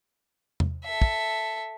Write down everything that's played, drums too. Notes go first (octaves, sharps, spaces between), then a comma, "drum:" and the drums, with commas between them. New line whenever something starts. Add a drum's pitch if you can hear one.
drum: tom E2
A4 E5
drum: kick